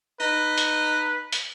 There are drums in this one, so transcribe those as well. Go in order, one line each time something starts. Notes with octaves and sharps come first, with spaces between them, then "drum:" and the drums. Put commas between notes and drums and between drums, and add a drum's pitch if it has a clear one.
D#4 B4
drum: hi-hat
drum: hi-hat